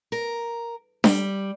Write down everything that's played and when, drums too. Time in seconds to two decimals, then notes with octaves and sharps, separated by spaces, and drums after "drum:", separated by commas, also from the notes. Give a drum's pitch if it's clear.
0.12 A#4
1.04 G3, drum: snare D4